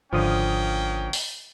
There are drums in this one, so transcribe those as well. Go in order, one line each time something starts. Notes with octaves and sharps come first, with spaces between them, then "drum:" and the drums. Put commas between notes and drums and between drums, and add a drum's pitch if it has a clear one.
G#1 D3 F3 A#3 C#4 G5 D#6
drum: open hi-hat